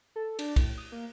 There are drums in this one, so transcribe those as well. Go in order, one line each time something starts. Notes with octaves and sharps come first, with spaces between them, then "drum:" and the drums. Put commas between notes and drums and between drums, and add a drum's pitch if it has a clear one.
A4
D4, drum: cymbal
A2, drum: kick, cymbal
D#6
A#3